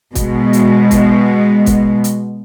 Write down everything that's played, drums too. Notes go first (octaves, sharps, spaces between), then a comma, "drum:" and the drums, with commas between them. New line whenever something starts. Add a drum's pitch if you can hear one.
B2 G#3, drum: kick, hi-hat
drum: hi-hat
drum: kick, hi-hat
drum: kick, hi-hat
drum: hi-hat